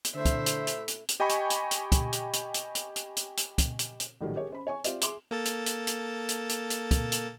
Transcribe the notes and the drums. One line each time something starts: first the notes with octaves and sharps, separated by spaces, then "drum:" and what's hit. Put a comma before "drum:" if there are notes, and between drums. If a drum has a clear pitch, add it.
drum: hi-hat
D3 A3 E4 C5 E5
drum: kick, hi-hat
drum: hi-hat
drum: hi-hat
drum: hi-hat
drum: hi-hat
G4 D#5 G5 G#5 B5 C#6
drum: hi-hat
drum: hi-hat
drum: hi-hat
drum: kick, hi-hat
drum: hi-hat
drum: hi-hat
drum: hi-hat
drum: hi-hat
drum: hi-hat
drum: hi-hat
drum: hi-hat
drum: kick, hi-hat
drum: hi-hat
drum: hi-hat
A#1 A2 D#3 F#3 G3
G4 G#4 A#4 C#5
C#4 C5 B5
C#5 G#5 C#6
C4 F4 G4 C5 D5 E5, drum: hi-hat
G#4 E5 C6 D6, drum: hi-hat
A#3 A4 A5
drum: hi-hat
drum: hi-hat
drum: hi-hat
drum: hi-hat
drum: hi-hat
drum: hi-hat
drum: kick, hi-hat
drum: hi-hat